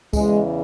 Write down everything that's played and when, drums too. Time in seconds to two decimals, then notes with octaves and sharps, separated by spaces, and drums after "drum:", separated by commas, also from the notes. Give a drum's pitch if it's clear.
0.13 E2 C#3 E3 G#3, drum: kick, tambourine